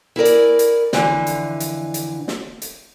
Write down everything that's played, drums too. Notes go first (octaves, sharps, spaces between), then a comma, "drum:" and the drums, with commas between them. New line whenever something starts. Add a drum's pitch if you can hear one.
E4 G#4 A#4 D5
drum: hi-hat
drum: hi-hat
F2 D3 E3, drum: snare
drum: hi-hat
drum: hi-hat
drum: hi-hat
drum: snare
drum: hi-hat